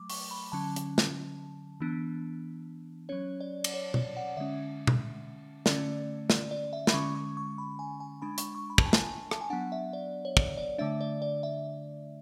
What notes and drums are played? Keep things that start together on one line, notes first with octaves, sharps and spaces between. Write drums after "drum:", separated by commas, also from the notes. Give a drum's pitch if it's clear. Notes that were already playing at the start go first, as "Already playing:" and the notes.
Already playing: F#3 A3 D6
C#6, drum: open hi-hat
B5
D3 F#3 C#4 A5
drum: hi-hat
drum: snare
E3 B3 D4
F#3 C#4 C#5
D5
drum: cymbal
C#5
D5, drum: tom B2
F#5
D3 G#3 C#4 E5
drum: tom B2
D3 A3 C#4 D5, drum: snare
D5, drum: snare
D5
E5
B5, drum: snare
D3 G#3 C#4 C#6
C#6
C#6
B5
G#5
G#5
G#3 D4 B5
C#6, drum: hi-hat
C#6
B5
A5, drum: kick
G#5
A5, drum: snare
A5, drum: rim click
G#5
F#3 B3 D4 F#5
E5
D5
C#5
D5, drum: kick
D5
D3 A3 D4 E5
D5
D5
E5